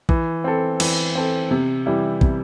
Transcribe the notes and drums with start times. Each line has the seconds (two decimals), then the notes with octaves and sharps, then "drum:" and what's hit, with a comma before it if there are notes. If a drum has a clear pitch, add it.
0.09 E3, drum: kick
0.44 C4 A4
0.80 E3, drum: cymbal
1.15 C4 A4
1.51 C3
1.86 E3 G3 E4
2.21 C3, drum: kick